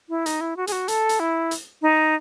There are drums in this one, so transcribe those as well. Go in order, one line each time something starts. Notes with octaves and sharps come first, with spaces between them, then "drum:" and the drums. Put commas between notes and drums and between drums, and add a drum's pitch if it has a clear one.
E4
D#4, drum: hi-hat
E4
F#4
G#4, drum: hi-hat
F#4
A4, drum: hi-hat
drum: hi-hat
E4
drum: hi-hat
D#4